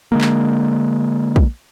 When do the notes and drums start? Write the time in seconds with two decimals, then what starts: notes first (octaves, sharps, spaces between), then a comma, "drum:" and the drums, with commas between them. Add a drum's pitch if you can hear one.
0.12 D3 G#3 A#3
0.21 drum: clap
1.36 drum: kick